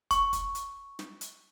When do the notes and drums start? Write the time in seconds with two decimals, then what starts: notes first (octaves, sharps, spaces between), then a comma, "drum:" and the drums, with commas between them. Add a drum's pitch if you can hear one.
0.11 C#6, drum: kick, hi-hat
0.33 drum: kick, hi-hat
0.55 drum: hi-hat
0.99 drum: snare
1.21 drum: hi-hat